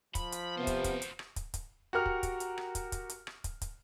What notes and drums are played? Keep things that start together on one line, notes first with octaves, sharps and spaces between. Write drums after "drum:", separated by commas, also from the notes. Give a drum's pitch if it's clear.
F3 B5, drum: kick, hi-hat
drum: hi-hat
C3 B3 F#4 C5
drum: kick, hi-hat
drum: kick, hi-hat
drum: hi-hat
drum: rim click
drum: kick, hi-hat
drum: kick, hi-hat
F#4 G4 A#4 F6
drum: kick
drum: kick, hi-hat
drum: hi-hat
drum: rim click
drum: kick, hi-hat
drum: kick, hi-hat
drum: hi-hat
drum: rim click
drum: kick, hi-hat
drum: kick, hi-hat